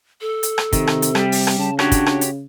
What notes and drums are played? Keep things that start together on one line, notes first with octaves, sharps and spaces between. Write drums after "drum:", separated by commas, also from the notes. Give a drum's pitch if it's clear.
A4
drum: hi-hat
drum: rim click
C3 D#3, drum: kick, hi-hat
drum: rim click
drum: hi-hat
G3 G4, drum: rim click
drum: open hi-hat
drum: rim click
C#3 A5
D4 F#4 G4 C#5, drum: rim click
drum: kick, hi-hat
drum: rim click
drum: hi-hat